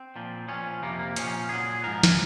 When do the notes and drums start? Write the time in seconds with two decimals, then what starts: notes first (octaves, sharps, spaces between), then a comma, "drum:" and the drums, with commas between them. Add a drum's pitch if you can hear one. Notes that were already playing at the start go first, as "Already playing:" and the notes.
Already playing: C4
0.16 A#2 F3
0.48 A#2 F3 C#4
0.82 F2 C3 F3 A#3
0.99 A#3
1.16 A#2 F3 C#4, drum: hi-hat
1.49 A#2 F#3 G#4
1.83 G#2 F3 A#4
2.03 drum: snare